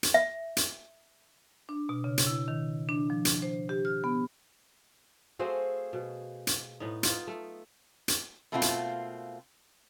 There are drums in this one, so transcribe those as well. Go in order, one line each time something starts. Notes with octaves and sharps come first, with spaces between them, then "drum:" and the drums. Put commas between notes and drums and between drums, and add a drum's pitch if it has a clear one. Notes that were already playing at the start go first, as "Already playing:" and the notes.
drum: hi-hat
E5
drum: hi-hat
D4
B2
C#3
drum: hi-hat
E4
D#3
D4
F3
drum: hi-hat
C5
G4
F6
B3
A3 C4 F#4 G#4 C5 F5
B2
drum: hi-hat
A2 B3 D#4
B3 D#4 F4, drum: hi-hat
A3
drum: hi-hat
B2 A3 A#3 C4 D4 F4
drum: hi-hat